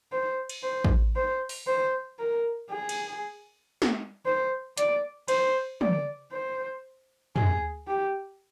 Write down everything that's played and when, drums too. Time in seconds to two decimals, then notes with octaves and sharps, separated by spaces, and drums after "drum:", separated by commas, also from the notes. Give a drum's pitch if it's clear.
0.12 C5
0.49 drum: cymbal
0.63 C5
0.84 drum: kick A1
1.16 C5
1.49 drum: open hi-hat
1.67 C5
2.19 A#4
2.71 G#4
2.89 drum: cymbal
3.82 drum: snare
4.25 C5
4.77 D5, drum: hi-hat
5.28 C5, drum: cymbal
5.81 D5, drum: tom
6.32 C5
7.36 G#4, drum: tom
7.87 G4